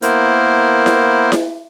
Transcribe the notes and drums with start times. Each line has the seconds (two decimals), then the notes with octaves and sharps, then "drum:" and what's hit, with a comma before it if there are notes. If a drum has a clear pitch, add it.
0.02 A#3 B3 E4 A#4 C5, drum: hi-hat
0.86 drum: snare E4
1.32 drum: snare E4